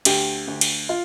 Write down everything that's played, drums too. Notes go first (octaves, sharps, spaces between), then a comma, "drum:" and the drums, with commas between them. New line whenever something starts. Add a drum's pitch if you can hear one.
D2 G4, drum: cymbal
D2
drum: cymbal
F4